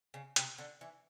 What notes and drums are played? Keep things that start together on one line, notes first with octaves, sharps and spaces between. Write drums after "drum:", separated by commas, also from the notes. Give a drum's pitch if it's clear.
C#3
C3, drum: hi-hat
D3
E3